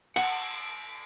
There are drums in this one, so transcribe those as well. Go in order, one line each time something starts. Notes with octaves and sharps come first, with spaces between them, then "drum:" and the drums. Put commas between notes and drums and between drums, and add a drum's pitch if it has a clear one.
F#5, drum: cymbal